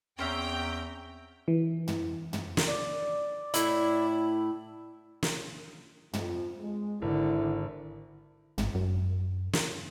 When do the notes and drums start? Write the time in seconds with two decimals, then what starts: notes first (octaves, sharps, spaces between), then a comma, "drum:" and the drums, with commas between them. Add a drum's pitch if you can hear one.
0.19 E2 C4 C#4 E5 G5 A#5
1.48 E3
1.88 drum: tom
2.33 drum: tom
2.57 drum: snare
2.67 D5
3.54 A2 E4, drum: hi-hat
5.23 drum: snare
6.13 F2, drum: tom
6.60 G#3
7.02 G#1 D3 E4
8.58 G#1, drum: tom
8.75 F#2
9.53 drum: snare